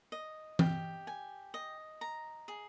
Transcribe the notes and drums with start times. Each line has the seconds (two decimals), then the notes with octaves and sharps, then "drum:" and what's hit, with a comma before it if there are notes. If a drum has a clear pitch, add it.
0.12 D#5
0.59 G4, drum: tom E3
1.07 G#5
1.54 D#5
2.01 A#5
2.48 G#4